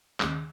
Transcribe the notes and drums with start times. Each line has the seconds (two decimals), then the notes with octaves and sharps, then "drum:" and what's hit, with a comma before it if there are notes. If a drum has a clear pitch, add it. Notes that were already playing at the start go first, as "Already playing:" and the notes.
0.20 D#2 C#3 G#3 D#5, drum: clap